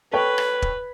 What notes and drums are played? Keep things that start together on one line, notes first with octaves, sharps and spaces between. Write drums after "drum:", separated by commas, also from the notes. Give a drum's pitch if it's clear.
A4 B4 C#5 G5
drum: rim click
drum: kick